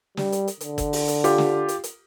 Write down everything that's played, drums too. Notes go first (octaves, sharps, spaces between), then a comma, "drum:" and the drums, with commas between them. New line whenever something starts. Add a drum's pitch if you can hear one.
G3, drum: snare
drum: hi-hat
drum: hi-hat
D3, drum: hi-hat
drum: kick, hi-hat
drum: open hi-hat
drum: hi-hat
F4 G4, drum: hi-hat
drum: snare
drum: hi-hat
drum: hi-hat